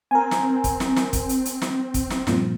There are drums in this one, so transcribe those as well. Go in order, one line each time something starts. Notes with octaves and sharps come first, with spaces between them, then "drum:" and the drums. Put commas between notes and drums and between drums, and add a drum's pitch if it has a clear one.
C4 A#4 G#5
drum: snare
drum: kick, hi-hat
drum: snare
drum: snare
drum: kick, hi-hat
drum: hi-hat
drum: hi-hat
drum: snare
drum: kick, hi-hat
drum: snare
G2 A#2 F3, drum: snare